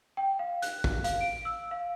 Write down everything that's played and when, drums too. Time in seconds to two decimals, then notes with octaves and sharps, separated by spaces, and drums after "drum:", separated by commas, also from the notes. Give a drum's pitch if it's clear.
0.17 G5
0.39 F5
0.62 F#6, drum: hi-hat
0.84 drum: kick G#1
1.04 F5, drum: hi-hat
1.21 D7
1.45 E6
1.71 F5